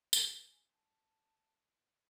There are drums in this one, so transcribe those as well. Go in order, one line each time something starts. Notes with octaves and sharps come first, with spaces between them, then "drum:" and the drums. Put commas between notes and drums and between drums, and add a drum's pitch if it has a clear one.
G#5, drum: tambourine
A5